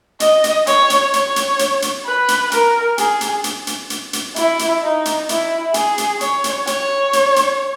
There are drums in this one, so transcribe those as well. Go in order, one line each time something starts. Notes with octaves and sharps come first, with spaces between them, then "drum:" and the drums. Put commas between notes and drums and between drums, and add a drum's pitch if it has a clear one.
D#5, drum: hi-hat
drum: hi-hat
C#5, drum: hi-hat
drum: hi-hat
C#5, drum: hi-hat
drum: hi-hat
drum: hi-hat
drum: hi-hat
B4
drum: hi-hat
A#4, drum: hi-hat
G#4, drum: hi-hat
drum: hi-hat
drum: hi-hat
drum: hi-hat
drum: hi-hat
drum: hi-hat
E4, drum: hi-hat
drum: hi-hat
D#4
drum: hi-hat
E4, drum: hi-hat
G#4, drum: hi-hat
drum: hi-hat
C#5, drum: hi-hat
drum: hi-hat
C#5, drum: hi-hat
drum: hi-hat
drum: hi-hat